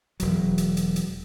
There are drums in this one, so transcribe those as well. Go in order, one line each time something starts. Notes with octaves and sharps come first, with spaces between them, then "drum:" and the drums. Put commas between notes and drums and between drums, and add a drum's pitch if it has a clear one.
E1 F#3, drum: hi-hat
drum: hi-hat
drum: hi-hat
drum: hi-hat